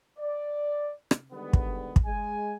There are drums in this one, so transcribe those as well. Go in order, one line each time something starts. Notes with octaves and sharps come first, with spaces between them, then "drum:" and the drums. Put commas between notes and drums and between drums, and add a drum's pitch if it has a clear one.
D5
drum: rim click
D3 D#3 G3 G#3 B3
drum: kick
drum: kick
G#3 G#5